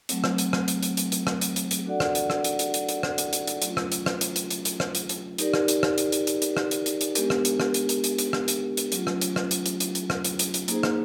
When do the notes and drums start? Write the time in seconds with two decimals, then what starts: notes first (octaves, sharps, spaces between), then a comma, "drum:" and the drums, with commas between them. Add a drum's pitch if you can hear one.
0.09 F#3 A3 C4, drum: hi-hat
0.24 drum: rim click
0.38 drum: hi-hat
0.53 drum: rim click
0.68 drum: hi-hat
0.83 drum: hi-hat
0.97 drum: hi-hat
1.12 drum: hi-hat
1.27 drum: rim click
1.41 drum: hi-hat
1.56 drum: hi-hat
1.71 drum: hi-hat
1.86 D4 F#4 A4 D5 F#5
2.00 drum: rim click
2.15 drum: hi-hat
2.30 drum: rim click
2.44 drum: hi-hat
2.59 drum: hi-hat
2.74 drum: hi-hat
2.89 drum: hi-hat
3.03 drum: rim click
3.18 drum: hi-hat
3.33 drum: hi-hat
3.47 drum: hi-hat
3.62 F#3 A3 C#4 F4, drum: hi-hat
3.77 drum: rim click
3.92 drum: hi-hat
4.06 drum: rim click
4.21 drum: hi-hat
4.36 drum: hi-hat
4.51 drum: hi-hat
4.65 drum: hi-hat
4.80 drum: rim click
4.95 drum: hi-hat
5.09 drum: hi-hat
5.38 D#4 G4 A#4 D5, drum: hi-hat
5.54 drum: rim click
5.68 drum: hi-hat
5.83 drum: rim click
5.98 drum: hi-hat
6.12 drum: hi-hat
6.27 drum: hi-hat
6.42 drum: hi-hat
6.57 drum: rim click
6.71 drum: hi-hat
6.86 drum: hi-hat
7.01 drum: hi-hat
7.15 G#3 B3 D4 G4 A#4, drum: hi-hat
7.30 drum: rim click
7.45 drum: hi-hat
7.60 drum: rim click
7.74 drum: hi-hat
7.89 drum: hi-hat
8.04 drum: hi-hat
8.18 drum: hi-hat
8.33 drum: rim click
8.48 drum: hi-hat
8.77 drum: hi-hat
8.92 F#3 A3 C#4 F4, drum: hi-hat
9.07 drum: rim click
9.21 drum: hi-hat
9.36 drum: rim click
9.51 drum: hi-hat
9.66 drum: hi-hat
9.80 drum: hi-hat
9.95 drum: hi-hat
10.10 drum: rim click
10.25 drum: hi-hat
10.39 drum: hi-hat
10.54 drum: hi-hat
10.68 A#3 D#4 G#4 C5, drum: hi-hat
10.83 drum: rim click